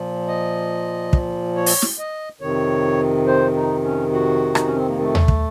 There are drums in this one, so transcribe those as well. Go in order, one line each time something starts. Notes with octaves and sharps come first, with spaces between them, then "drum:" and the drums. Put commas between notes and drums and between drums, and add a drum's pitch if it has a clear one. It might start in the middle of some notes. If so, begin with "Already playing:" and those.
Already playing: A#2 F3
D#5
drum: kick
C#5
drum: open hi-hat
drum: snare
D#5
F2 C3 D#3 C#5
C5
D#4
C#4
F#4
D#4, drum: rim click
C#4
C4
A#3
A3
drum: tom D#2
drum: kick